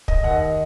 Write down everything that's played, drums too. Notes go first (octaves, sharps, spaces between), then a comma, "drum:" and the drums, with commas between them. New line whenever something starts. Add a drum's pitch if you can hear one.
D#5, drum: kick
D#2 F#5
D#5